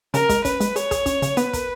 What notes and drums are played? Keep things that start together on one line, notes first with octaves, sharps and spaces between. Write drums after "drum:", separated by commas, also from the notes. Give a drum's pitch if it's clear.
C#3 A#4, drum: hi-hat
G#3, drum: kick, hi-hat
C#4 B4, drum: kick, hi-hat
G#3, drum: hi-hat
G#4 C#5, drum: hi-hat
G#4, drum: kick, hi-hat
C#4, drum: kick, hi-hat
C#3, drum: hi-hat
B3 B4, drum: hi-hat
A#4, drum: kick, hi-hat